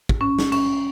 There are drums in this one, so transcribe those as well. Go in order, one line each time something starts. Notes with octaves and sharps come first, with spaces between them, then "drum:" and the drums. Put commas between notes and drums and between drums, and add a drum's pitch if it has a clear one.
drum: kick
C#4
drum: snare
C#4, drum: cymbal